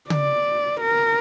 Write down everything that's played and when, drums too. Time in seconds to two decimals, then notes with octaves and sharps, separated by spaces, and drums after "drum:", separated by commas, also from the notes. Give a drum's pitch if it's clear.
0.10 D5, drum: tom C#3
0.80 A#4